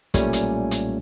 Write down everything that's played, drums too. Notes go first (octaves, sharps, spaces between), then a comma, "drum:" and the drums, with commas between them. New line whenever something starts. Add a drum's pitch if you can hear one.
B1 A#2 G3 A3 C#4 G#5, drum: kick, hi-hat
drum: hi-hat
drum: hi-hat